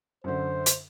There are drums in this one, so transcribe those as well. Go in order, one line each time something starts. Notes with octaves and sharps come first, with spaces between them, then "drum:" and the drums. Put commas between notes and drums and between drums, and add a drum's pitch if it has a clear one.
F#2 D3 C5
drum: hi-hat